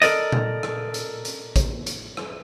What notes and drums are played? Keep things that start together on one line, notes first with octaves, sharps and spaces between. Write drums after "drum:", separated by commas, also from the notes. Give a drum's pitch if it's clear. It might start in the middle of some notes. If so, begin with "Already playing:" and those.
A4 A#4 D5 D#5, drum: hi-hat
drum: tom A#2
drum: rim click
drum: hi-hat
drum: hi-hat
drum: kick A1, hi-hat
drum: hi-hat
drum: rim click